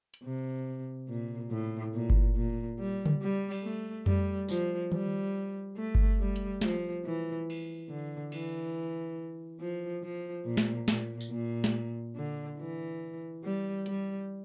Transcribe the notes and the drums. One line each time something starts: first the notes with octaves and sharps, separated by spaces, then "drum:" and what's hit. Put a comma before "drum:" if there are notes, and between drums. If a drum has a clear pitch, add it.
drum: hi-hat
C3
A#2
A2
A#2
drum: kick G1
A#2
G3
drum: tom C#3
G3
drum: cymbal
A3
G3, drum: tom F2
F3, drum: tambourine
G3, drum: tom D#3
A3
drum: kick G1
G3
drum: hi-hat
F3, drum: snare
E3
drum: cymbal
D3
E3, drum: cymbal
F3
F3
A#2
drum: snare
A#2, drum: snare
drum: tambourine
A#2
drum: snare
D3
E3
G3
G3, drum: hi-hat